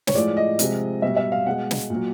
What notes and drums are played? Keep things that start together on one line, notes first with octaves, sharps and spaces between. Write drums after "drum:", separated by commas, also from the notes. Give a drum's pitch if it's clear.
C#5, drum: snare
A2 F3 G#3 D5
D#5
C3 F3 G#3, drum: hi-hat
B2 G3 E5
E5
F5
B2 G#3 F#5
drum: snare
A#2 F#3